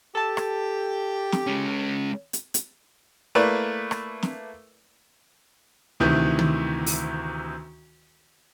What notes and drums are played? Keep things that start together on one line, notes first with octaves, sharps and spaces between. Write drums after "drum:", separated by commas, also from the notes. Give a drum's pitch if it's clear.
G4 A4 A5
drum: rim click
drum: snare
G#3 C#4
drum: hi-hat
drum: hi-hat
A3 A#3 E4 B4 D5
drum: rim click
drum: snare
D2 C3 D#3 E3
drum: tom
drum: open hi-hat